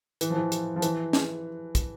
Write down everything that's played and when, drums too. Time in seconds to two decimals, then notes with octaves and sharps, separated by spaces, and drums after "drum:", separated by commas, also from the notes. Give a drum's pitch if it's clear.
0.21 E3, drum: hi-hat
0.30 F3
0.36 E3
0.52 drum: hi-hat
0.76 F3
0.82 E3, drum: hi-hat
1.13 drum: snare
1.75 drum: kick, hi-hat